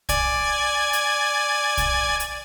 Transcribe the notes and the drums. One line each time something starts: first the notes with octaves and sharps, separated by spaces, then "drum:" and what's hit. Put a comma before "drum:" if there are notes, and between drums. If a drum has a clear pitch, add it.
D5 G#5 G#6, drum: kick, hi-hat
drum: hi-hat
drum: kick, hi-hat
drum: hi-hat